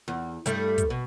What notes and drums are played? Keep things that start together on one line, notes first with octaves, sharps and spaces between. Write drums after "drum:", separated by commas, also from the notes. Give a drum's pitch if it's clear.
E2
G2 G3 A3, drum: hi-hat
drum: kick, hi-hat
B2